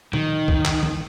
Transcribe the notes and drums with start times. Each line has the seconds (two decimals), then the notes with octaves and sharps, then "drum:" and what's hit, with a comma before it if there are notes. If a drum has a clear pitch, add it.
0.13 D#3, drum: tom A#2
0.48 drum: kick
0.65 drum: clap
0.83 drum: tom D#3